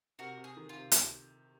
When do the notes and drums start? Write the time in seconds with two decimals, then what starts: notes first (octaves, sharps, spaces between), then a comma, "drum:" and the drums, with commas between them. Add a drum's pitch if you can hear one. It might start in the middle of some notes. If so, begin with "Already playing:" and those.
0.19 C3 F#4 A#4
0.37 C3
0.44 G#4
0.57 D#3
0.69 F4
0.76 C3
0.92 drum: hi-hat